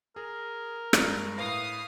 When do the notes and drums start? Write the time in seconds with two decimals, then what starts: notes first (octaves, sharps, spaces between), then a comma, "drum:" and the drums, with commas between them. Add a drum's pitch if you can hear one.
0.16 G#4 A#4
0.93 G2 G#3, drum: rim click
1.38 A2 B4 F5 D#6 A#6